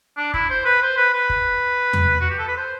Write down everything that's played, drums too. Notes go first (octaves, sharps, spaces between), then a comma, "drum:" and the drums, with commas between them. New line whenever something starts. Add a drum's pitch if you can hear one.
D4
E4, drum: kick
C5
B4
C5
B4
B4
drum: kick
drum: tom E2
F#4
G4
A4
B4
C5